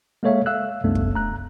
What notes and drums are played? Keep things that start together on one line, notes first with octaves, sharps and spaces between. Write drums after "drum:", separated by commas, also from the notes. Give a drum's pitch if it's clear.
G#3 A#3 A4 C#5 E5 F5
E5 F5 E6 F#6
C2 F#2 A3 B3 D4
drum: kick
A#5 F#6